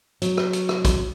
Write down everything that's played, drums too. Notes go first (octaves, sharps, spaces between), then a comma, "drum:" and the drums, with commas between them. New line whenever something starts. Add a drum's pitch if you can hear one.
F#3, drum: hi-hat
drum: rim click
drum: hi-hat
drum: rim click
drum: kick, hi-hat